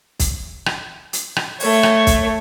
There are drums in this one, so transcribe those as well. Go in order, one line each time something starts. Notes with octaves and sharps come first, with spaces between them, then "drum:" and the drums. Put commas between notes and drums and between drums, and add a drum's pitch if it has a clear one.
drum: kick, hi-hat
drum: rim click
drum: hi-hat
drum: rim click
A3 C#5, drum: open hi-hat
drum: rim click
drum: kick, hi-hat